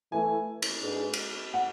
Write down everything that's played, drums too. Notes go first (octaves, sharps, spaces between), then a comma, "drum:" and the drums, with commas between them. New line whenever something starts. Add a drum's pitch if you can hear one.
E3 A3 E4 B4 G#5
drum: cymbal
G#2 G#3 D4 G#4 B4
drum: cymbal
F#5